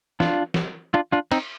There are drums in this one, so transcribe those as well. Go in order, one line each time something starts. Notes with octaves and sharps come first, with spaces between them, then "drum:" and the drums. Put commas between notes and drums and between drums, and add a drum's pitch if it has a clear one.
D4 F4, drum: snare
drum: snare
D4 F4
D4 F4
C4 D#4, drum: cymbal